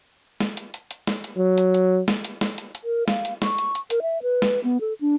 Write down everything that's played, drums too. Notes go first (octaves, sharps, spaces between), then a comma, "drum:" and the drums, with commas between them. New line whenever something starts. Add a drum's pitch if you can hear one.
drum: snare
drum: hi-hat
drum: hi-hat
drum: hi-hat
drum: snare
drum: hi-hat
F#3
drum: hi-hat
drum: hi-hat
drum: snare
drum: hi-hat
drum: snare
drum: hi-hat
drum: hi-hat
A#4
F5, drum: snare
drum: hi-hat
C#6, drum: snare
drum: hi-hat
drum: hi-hat
A#4, drum: hi-hat
E5
B4
drum: snare
B3
A4
D4